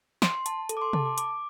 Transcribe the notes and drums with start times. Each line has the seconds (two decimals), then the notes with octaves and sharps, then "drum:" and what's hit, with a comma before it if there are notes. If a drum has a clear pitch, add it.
0.22 C6, drum: snare
0.46 A5, drum: hi-hat
0.69 A4, drum: hi-hat
0.77 D6
0.82 C6
0.93 A5, drum: tom C3
1.06 D6
1.18 D6, drum: hi-hat